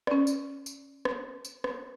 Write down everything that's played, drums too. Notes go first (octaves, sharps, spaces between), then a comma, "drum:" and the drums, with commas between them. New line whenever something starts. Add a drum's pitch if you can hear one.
C#4 D5, drum: rim click
drum: tambourine
drum: tambourine
drum: rim click
drum: tambourine
drum: rim click